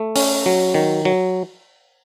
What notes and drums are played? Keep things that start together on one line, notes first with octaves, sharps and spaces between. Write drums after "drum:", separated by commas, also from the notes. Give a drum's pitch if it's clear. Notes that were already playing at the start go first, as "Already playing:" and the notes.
Already playing: A3
C#4, drum: open hi-hat
F#3
D#3
F#3